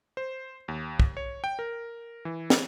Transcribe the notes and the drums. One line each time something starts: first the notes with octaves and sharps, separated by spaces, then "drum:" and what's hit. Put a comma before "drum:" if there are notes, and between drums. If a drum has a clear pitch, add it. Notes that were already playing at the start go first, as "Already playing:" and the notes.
C5
D#2
drum: kick
C#5
G5
A#4
E3
drum: snare